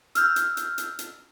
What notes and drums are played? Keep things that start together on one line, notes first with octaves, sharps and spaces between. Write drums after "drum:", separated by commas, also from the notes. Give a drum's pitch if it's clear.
E6 F6 G6, drum: hi-hat
drum: hi-hat
drum: hi-hat
drum: hi-hat
drum: hi-hat